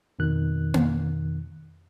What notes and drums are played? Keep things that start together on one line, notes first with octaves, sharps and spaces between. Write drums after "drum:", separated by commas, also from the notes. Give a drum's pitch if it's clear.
F2 B2 D#3 F#6
drum: tom A#3